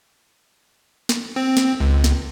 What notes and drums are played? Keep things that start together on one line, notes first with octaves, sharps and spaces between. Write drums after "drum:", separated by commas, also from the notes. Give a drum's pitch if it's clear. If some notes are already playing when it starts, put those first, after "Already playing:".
drum: snare
C4
drum: snare
C#2
drum: snare